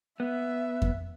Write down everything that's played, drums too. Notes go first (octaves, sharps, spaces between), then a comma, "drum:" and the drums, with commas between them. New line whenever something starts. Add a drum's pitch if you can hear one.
B3 E5
drum: kick F2